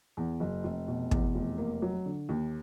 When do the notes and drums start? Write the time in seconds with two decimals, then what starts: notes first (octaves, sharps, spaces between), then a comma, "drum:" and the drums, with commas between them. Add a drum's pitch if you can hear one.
0.17 E2
0.40 F#1
0.64 F1
0.88 B2
1.11 E2, drum: kick
1.35 F1
1.58 A#3
1.82 F#3
2.06 D3
2.29 D#2